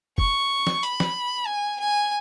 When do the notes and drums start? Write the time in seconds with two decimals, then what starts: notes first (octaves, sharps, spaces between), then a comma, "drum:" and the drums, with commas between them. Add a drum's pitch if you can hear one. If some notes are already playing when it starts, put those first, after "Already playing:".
0.18 C#6, drum: kick F#1
0.67 drum: snare
0.83 B5, drum: hi-hat
1.00 drum: snare
1.47 G#5
1.79 G#5